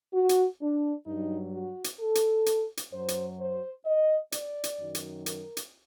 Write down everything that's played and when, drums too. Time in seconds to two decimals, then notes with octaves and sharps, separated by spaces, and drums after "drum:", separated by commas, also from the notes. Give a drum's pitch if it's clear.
0.14 F#4
0.29 drum: hi-hat
0.61 D4
1.06 G2 F#3 D#4
1.54 F#4
1.84 drum: hi-hat
2.00 A4
2.15 drum: hi-hat
2.46 drum: hi-hat
2.77 drum: hi-hat
2.93 F#2 F#3 C5
3.08 drum: hi-hat
3.40 C5
3.86 D#5
4.32 D5, drum: hi-hat
4.64 drum: hi-hat
4.79 F#2 D#3 F#3
4.95 drum: hi-hat
5.26 A#4, drum: hi-hat
5.57 drum: hi-hat